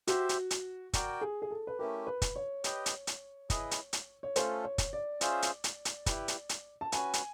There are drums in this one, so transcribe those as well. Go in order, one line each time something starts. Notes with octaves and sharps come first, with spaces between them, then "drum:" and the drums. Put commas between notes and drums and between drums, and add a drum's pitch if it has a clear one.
F#4 G4 C5 E5, drum: hi-hat
drum: hi-hat
drum: hi-hat
F#4 A#4 D5 G5, drum: kick, hi-hat
G#4
G#4
A4
B4
A3 C#4 E4 G4 A#4
B4
drum: kick, hi-hat
C#5
G4 B4 D#5 G5, drum: hi-hat
drum: hi-hat
drum: hi-hat
E4 G#4 B4 D#5, drum: kick, hi-hat
drum: hi-hat
drum: hi-hat
C#5
A3 C#4 F4 A4 C5, drum: hi-hat
C#5
drum: kick, hi-hat
D5
C#4 F4 G#4 C5 E5, drum: hi-hat
drum: hi-hat
drum: hi-hat
drum: hi-hat
E4 G4 B4, drum: kick, hi-hat
drum: hi-hat
drum: hi-hat
A5
C#4 F#4 B4 G#5, drum: hi-hat
drum: hi-hat